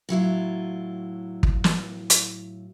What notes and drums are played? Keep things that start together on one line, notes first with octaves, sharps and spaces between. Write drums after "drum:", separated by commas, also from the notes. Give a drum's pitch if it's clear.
A2 F#3 E4 F4
drum: kick
drum: snare
drum: hi-hat